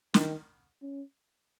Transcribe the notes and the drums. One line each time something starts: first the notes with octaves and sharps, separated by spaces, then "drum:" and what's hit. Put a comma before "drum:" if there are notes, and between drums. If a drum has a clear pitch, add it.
D#3, drum: snare
C#4